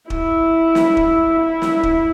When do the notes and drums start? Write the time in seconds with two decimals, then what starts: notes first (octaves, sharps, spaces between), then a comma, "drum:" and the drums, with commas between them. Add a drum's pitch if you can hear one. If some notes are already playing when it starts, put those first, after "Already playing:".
0.10 E4, drum: kick D#1
0.75 drum: snare
0.97 drum: kick D#1
1.40 E4
1.62 drum: snare
1.83 drum: kick D#1